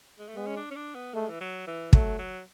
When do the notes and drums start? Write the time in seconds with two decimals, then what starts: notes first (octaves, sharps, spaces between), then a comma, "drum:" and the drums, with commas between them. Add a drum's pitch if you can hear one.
0.19 G#3
0.28 A3
0.36 G#3 B3
0.47 C#4
0.56 D4
0.71 C#4
0.76 D4
0.95 B3
1.14 G#3 A3
1.29 E3
1.41 F#3
1.67 E3
1.93 F#3 A3, drum: kick
2.19 F#3